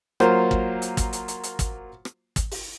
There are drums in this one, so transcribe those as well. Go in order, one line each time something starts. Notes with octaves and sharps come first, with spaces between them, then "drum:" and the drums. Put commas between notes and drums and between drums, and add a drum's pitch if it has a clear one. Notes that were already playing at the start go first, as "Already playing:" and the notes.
F#3 A#3 F4 C5, drum: rim click
drum: kick
drum: hi-hat
drum: kick, hi-hat
drum: hi-hat
drum: hi-hat
drum: hi-hat
drum: kick, hi-hat
drum: rim click
drum: kick, hi-hat
drum: open hi-hat